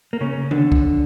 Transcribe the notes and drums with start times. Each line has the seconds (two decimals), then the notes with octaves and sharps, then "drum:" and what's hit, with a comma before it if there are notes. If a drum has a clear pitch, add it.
0.13 A#3
0.21 C#3 C#4
0.51 D3 D4, drum: tom D#3
0.72 drum: kick